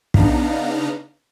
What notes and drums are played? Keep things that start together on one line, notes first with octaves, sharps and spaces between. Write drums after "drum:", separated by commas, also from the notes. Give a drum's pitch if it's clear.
C#3 B3 D4 D#4 F5 A#5, drum: kick